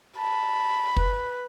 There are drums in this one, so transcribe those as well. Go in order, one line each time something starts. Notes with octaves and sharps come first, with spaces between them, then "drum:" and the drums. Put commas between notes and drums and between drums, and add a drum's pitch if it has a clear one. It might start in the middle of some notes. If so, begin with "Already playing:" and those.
A5 B5
B4, drum: kick